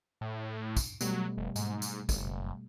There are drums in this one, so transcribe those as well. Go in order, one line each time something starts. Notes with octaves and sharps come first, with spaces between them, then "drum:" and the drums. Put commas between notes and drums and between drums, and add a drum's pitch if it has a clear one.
A2
drum: kick, tambourine
B2 F#3 G3 A3, drum: tambourine
F1
G#2, drum: tambourine
drum: tambourine
F#1, drum: kick, tambourine